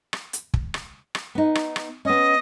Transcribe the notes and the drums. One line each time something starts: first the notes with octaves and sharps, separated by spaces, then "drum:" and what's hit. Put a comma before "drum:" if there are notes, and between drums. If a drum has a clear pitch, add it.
drum: rim click
drum: hi-hat
drum: kick
drum: rim click
drum: rim click
B3 D#4
drum: rim click
drum: rim click
B3 C#4 D#5